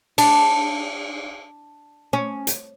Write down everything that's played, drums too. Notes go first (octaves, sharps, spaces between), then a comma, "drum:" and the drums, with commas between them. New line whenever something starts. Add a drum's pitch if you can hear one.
D4, drum: cymbal
C#4
drum: hi-hat